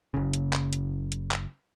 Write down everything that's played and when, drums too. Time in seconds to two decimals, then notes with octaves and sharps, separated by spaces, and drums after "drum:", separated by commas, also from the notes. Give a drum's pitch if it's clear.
0.14 F#1 C#3
0.33 drum: hi-hat
0.53 drum: clap
0.73 drum: hi-hat
1.12 drum: hi-hat
1.31 drum: clap